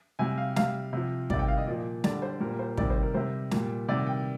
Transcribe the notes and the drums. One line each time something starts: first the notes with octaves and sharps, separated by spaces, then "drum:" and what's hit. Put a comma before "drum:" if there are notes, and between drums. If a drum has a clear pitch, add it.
C3 G3 G#5
F5
C3 G3 F5, drum: snare
C3 F3
C3 D#3 G3 D5, drum: kick
G5
F5
D#5
A#2 F3 D5
D3 G3 D5, drum: snare
C5
A#2 G3 A#4
C5
C3 D#3 G3 D5, drum: kick
C5
A#4
C3 G3 C5
A#2 G3, drum: snare
C3 D#3 G3 D5
G5